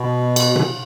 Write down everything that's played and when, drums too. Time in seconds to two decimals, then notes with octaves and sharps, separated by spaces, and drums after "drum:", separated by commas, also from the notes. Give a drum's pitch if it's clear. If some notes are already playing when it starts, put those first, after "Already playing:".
Already playing: B2
0.36 drum: cymbal
0.56 drum: tom B2